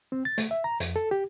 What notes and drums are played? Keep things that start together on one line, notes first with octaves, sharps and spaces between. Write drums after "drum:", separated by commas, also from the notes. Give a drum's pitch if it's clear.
C4
A6
A3, drum: hi-hat
E5
A#5
F2, drum: hi-hat
A4
G4